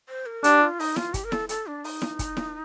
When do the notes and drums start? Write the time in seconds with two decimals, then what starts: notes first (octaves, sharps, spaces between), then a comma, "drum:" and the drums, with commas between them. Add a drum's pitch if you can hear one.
0.09 C5
0.26 A#4
0.44 D4 G4, drum: hi-hat
0.61 F4
0.80 D#4, drum: open hi-hat
0.96 F4, drum: snare E4
1.14 G4, drum: kick, hi-hat
1.24 A#4
1.32 A4, drum: snare E4
1.49 A4, drum: hi-hat
1.67 D4
1.84 D#4, drum: open hi-hat
2.02 drum: snare E4
2.19 drum: kick, hi-hat
2.37 drum: snare E4